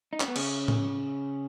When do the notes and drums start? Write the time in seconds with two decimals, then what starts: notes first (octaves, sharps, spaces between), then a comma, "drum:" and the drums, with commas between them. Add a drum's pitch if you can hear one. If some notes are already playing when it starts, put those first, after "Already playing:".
0.13 D#4
0.20 C#4, drum: clap
0.28 B3
0.36 C#3 C#4, drum: cymbal
0.68 drum: tom A2